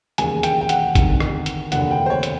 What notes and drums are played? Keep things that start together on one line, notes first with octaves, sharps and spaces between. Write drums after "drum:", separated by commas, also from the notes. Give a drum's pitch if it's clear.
E1 D#2 C#3 G#5, drum: hi-hat
G5, drum: hi-hat
G5
F#5, drum: hi-hat
D2 C3 D#3, drum: kick, hi-hat
drum: rim click
drum: hi-hat
F1 D#2 D3 F#5, drum: hi-hat
G5
C5
C#5
drum: hi-hat